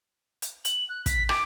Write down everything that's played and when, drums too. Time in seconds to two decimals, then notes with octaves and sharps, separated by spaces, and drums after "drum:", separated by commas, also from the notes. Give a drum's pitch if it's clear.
0.42 drum: hi-hat
0.65 F#7, drum: hi-hat
0.89 F#6
1.06 B6, drum: kick, hi-hat
1.29 D6, drum: rim click